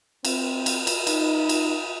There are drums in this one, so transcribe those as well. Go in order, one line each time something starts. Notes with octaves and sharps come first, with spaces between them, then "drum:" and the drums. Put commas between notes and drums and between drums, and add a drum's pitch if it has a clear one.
C4, drum: cymbal
drum: cymbal
drum: cymbal
D#4, drum: cymbal
drum: cymbal